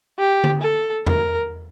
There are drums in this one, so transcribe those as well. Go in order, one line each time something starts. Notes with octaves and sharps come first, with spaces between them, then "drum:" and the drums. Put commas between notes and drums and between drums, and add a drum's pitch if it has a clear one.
G4
drum: tom D3
A4
A#4, drum: tom E2